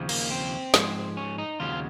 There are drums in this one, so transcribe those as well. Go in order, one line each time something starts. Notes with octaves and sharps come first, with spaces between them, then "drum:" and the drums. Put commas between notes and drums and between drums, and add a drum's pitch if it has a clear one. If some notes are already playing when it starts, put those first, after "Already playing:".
Already playing: D#2 C#3 F3
A#3, drum: cymbal
C4
G#2 F3 G#3, drum: snare
C#4
D#4
D#2 C#3 F#3 F4